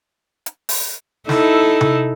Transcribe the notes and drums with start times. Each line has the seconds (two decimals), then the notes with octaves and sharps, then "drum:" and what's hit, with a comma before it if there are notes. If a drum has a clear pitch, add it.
0.46 drum: hi-hat
0.69 drum: open hi-hat
1.29 D#4 E4 A4, drum: snare
1.81 drum: tom C3